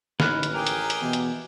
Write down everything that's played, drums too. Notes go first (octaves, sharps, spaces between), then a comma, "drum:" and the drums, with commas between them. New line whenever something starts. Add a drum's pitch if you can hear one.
A1 D#4 B4 F6 F#6, drum: snare
drum: hi-hat
G4 G#4 A#4 G5
drum: hi-hat
drum: hi-hat
E2 B2
drum: hi-hat